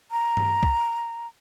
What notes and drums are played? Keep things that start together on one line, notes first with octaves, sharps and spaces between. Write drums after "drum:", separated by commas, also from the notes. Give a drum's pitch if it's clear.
A#5
drum: tom G2
drum: kick